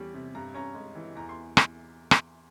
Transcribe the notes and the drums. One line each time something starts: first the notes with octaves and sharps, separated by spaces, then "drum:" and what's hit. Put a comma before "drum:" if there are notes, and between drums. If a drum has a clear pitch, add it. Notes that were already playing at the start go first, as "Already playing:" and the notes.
Already playing: E2 G3 C#4
C3
G2 A#5
C#4 A#5
G#3
E3
E2 A#5
C6
drum: rim click
drum: rim click